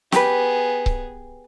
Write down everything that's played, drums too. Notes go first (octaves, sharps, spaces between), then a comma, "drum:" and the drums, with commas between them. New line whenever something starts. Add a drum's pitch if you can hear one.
B3 G4 G#4 B4, drum: snare
drum: kick C#1